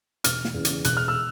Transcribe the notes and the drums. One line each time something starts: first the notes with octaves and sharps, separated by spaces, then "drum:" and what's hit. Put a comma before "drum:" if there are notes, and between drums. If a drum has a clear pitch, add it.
E1 F6, drum: hi-hat
drum: snare
E2 C#3
drum: hi-hat
E1 F#6, drum: hi-hat
F6
E6